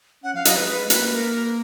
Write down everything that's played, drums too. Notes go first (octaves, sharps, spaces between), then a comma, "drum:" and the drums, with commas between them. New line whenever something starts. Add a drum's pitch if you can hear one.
C#4 F#5
F3 F5
F#3 D#5, drum: hi-hat
G#3 B4
G#3 B4
G#3
A#3 B4, drum: hi-hat
A#4